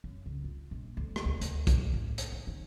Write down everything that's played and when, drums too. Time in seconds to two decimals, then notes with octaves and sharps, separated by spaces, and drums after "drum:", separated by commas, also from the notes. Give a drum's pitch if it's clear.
0.04 F#2
0.26 C#2
0.44 F4
0.71 A#1
0.97 D2
1.16 drum: rim click
1.25 D2
1.41 D2, drum: hi-hat
1.67 drum: kick B1, hi-hat
1.94 A1
2.18 drum: hi-hat
2.32 D#3
2.47 D#3